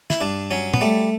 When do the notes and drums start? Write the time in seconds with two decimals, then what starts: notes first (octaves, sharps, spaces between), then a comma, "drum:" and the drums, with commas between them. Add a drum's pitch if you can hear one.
0.10 E4, drum: snare
0.21 G2 D4
0.51 F#3 C#4
0.74 B3, drum: tom
0.81 G3 A3